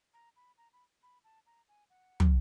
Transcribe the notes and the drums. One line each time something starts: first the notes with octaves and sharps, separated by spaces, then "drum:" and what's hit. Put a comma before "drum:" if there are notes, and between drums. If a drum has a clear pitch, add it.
A#5
B5
A#5
B5
B5
A5
A#5
G#5
F#5
drum: tom